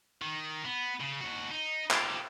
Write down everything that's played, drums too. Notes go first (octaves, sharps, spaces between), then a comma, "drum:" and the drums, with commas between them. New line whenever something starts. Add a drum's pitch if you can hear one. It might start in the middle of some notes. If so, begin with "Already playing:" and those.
D#3
B3
C#3
D#2 F#4
D#4
F4 G4, drum: clap